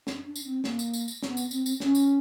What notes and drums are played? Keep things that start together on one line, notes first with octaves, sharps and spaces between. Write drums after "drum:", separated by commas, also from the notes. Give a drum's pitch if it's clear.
D4, drum: snare
D4
drum: tambourine
C4
A#3, drum: snare
drum: tambourine
drum: tambourine
drum: tambourine
B3, drum: snare
drum: tambourine
C4, drum: tambourine
drum: tambourine
C#4, drum: snare
drum: tambourine